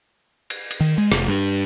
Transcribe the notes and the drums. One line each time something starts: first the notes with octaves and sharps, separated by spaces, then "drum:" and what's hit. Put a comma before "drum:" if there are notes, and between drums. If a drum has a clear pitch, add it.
drum: cymbal
drum: cymbal
D#3
G#3
F1, drum: rim click
G2